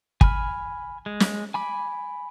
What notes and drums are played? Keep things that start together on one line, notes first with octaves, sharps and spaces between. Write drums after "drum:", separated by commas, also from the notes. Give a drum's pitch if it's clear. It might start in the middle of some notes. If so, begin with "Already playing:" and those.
G#5 B5 F6, drum: kick
G#3
drum: snare
G#5 B5 D6